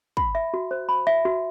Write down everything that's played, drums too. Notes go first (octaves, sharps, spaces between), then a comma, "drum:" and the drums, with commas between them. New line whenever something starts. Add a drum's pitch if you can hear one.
B5, drum: kick
E5
F#4
C5
B5
E5
F#4